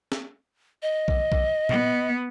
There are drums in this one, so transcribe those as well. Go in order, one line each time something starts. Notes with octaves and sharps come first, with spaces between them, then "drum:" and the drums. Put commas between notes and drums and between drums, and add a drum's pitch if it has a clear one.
drum: snare
D#5
drum: kick B1
drum: kick B1
B3, drum: tom A#2